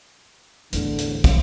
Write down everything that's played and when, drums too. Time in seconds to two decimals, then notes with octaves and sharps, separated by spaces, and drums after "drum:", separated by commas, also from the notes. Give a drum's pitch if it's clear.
0.73 E2 A2 D3, drum: hi-hat
0.98 drum: hi-hat
1.24 drum: kick, hi-hat